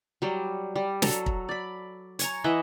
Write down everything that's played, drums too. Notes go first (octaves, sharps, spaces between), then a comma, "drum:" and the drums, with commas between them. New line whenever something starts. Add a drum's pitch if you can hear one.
F#3 G3
G3
F#3 A4 A#5, drum: snare
drum: kick
D5 B5
C#5 G#5 A#5, drum: hi-hat
E3 D#5 E5 F#5